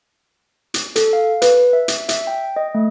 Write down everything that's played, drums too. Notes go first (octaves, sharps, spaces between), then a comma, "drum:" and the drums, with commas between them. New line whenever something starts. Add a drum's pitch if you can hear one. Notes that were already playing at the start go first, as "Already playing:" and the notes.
drum: hi-hat
A4, drum: hi-hat
F5
B4, drum: hi-hat
E5
drum: hi-hat
E5, drum: hi-hat
G5
D#5
A3